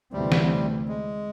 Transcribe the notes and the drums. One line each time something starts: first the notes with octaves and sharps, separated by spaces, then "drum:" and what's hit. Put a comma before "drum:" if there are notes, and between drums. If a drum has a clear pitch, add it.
D2 C3 E3 G3 A3 C4
drum: snare
G#3